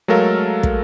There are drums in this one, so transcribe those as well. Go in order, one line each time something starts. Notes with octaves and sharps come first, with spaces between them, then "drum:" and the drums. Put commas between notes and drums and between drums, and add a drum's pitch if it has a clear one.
F#3 G#3 A3 A4 A#4 F5
drum: kick